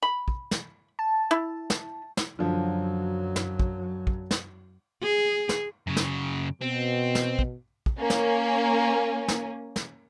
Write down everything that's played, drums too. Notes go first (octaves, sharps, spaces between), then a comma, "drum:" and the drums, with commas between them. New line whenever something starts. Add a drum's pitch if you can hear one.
B5
drum: kick
drum: snare
A5
E4
drum: snare
drum: snare
F#2 D3 F3 F#3
drum: snare
drum: kick
drum: kick
drum: snare
G#4
drum: snare
F#2 C#3
drum: snare
B2 C4
drum: snare
drum: kick
drum: kick
A#3 C#4
drum: snare
drum: snare
drum: snare